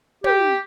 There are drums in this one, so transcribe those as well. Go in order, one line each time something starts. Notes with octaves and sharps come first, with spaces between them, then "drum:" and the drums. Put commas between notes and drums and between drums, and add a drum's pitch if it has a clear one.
G4, drum: tom